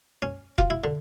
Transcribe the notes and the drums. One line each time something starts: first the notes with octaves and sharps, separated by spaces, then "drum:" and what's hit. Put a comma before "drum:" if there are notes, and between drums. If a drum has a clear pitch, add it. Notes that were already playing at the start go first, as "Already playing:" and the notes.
C#4
F4, drum: kick F1
E4
D3